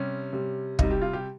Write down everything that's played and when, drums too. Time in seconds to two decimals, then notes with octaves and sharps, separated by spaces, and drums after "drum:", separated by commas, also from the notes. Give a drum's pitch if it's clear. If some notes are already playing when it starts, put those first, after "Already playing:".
Already playing: C3 G3 C#4
0.33 C3 G3
0.79 C3 G3 D#4, drum: kick
0.91 G4
1.02 F4
1.13 G4